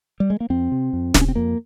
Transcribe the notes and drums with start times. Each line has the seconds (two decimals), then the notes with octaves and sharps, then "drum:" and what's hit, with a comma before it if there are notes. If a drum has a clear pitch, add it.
0.20 G3
0.30 G#3
0.40 A#3
0.50 F2 C4
0.72 C3
0.93 F2
1.14 C3, drum: snare
1.21 C#4
1.28 C4
1.36 F2 A#3